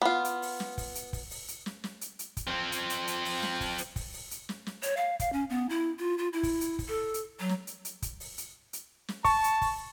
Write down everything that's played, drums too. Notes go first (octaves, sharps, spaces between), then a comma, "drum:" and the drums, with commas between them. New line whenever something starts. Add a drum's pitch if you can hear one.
B3 F4
drum: hi-hat
drum: open hi-hat
drum: snare
drum: kick, open hi-hat
drum: hi-hat
drum: kick, open hi-hat
drum: open hi-hat
drum: hi-hat
drum: snare
drum: snare
drum: hi-hat
drum: hi-hat
drum: kick, hi-hat
F3 C4
drum: hi-hat
drum: hi-hat
drum: hi-hat
drum: open hi-hat
drum: snare
drum: kick, open hi-hat
drum: hi-hat
drum: kick, open hi-hat
drum: open hi-hat
drum: hi-hat
drum: snare
drum: snare
C#5, drum: hi-hat
F5
F5, drum: kick, hi-hat
C#4
B3
E4
F4
F4
E4
drum: kick, open hi-hat
drum: hi-hat
drum: kick, open hi-hat
A4
drum: hi-hat
F#3
drum: snare
drum: hi-hat
drum: hi-hat
drum: kick, hi-hat
drum: open hi-hat
drum: hi-hat
drum: hi-hat
drum: snare
A5 C#6, drum: kick, open hi-hat
drum: hi-hat
drum: kick, open hi-hat